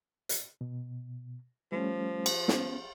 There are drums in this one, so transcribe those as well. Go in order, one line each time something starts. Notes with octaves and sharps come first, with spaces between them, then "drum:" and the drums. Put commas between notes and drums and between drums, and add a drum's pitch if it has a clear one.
drum: hi-hat
B2
F3 G3 A3 C#4
drum: cymbal
B3 C#4, drum: snare